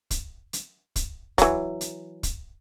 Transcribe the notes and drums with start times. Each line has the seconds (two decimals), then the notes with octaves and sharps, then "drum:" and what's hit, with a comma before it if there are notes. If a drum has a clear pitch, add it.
0.11 drum: kick, hi-hat
0.53 drum: hi-hat
0.96 drum: kick, hi-hat
1.38 E3 F#3, drum: kick, hi-hat
1.81 drum: hi-hat
2.23 drum: kick, hi-hat